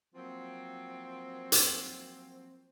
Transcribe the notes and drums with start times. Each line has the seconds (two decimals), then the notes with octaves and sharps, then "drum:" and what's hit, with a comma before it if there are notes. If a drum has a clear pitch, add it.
0.15 F3 F#3 A#3 C4
1.52 drum: hi-hat